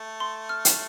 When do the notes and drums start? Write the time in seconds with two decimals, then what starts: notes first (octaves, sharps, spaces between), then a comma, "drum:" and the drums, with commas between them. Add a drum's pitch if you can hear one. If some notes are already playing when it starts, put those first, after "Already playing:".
Already playing: A3
0.20 C6
0.49 F6
0.65 drum: hi-hat